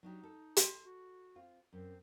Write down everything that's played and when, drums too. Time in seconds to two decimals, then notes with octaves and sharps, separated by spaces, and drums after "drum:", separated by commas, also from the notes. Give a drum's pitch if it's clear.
0.03 F#3 D4 D#4 G4
0.23 A4
0.57 drum: hi-hat
0.84 F#4
1.36 C4 F4
1.73 F#2 C4